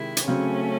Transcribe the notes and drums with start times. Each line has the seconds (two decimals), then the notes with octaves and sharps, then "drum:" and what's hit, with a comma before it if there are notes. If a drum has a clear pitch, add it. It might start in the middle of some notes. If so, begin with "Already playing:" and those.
Already playing: C3 D#3 G#3 E4
0.17 drum: hi-hat
0.27 C#3 F#3 A3 C4 C#4